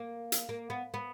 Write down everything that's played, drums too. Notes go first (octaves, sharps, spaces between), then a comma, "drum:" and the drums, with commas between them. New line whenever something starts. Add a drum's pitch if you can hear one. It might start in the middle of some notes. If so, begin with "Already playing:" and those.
Already playing: A#3
drum: hi-hat
A#3
B3
B3